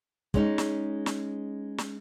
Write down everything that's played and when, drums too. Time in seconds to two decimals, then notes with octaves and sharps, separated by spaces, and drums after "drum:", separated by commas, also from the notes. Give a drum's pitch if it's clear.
0.34 G#3 C#4 D#4, drum: kick
0.58 drum: snare
1.06 drum: snare
1.78 drum: snare